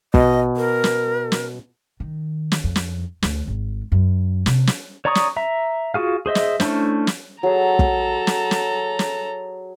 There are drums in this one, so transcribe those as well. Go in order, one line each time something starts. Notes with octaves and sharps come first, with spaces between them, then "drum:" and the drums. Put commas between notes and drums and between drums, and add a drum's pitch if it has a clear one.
B2 D#5, drum: kick
A#4
drum: snare
drum: snare
D#3
drum: snare
F2
drum: snare
D2, drum: snare
G#1
F#2
C3, drum: snare
drum: snare
C#5 D5 A#5 C#6 D#6
drum: snare
E5 A#5
F4 F#4 G#4 F5
G#4 C5 D#5 E5
drum: snare
A3 C#4 D4 E4 C5, drum: snare
drum: snare
F#3 G#4 A4 A#5
drum: kick
drum: snare
drum: snare
drum: snare